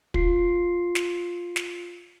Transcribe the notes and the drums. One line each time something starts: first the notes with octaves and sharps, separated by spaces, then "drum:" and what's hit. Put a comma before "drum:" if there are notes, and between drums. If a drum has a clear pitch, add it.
F4 C7, drum: kick
drum: snare
drum: snare